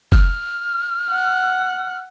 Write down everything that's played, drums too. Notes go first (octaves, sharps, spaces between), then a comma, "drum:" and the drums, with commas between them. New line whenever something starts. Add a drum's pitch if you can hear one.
F6, drum: kick
F#5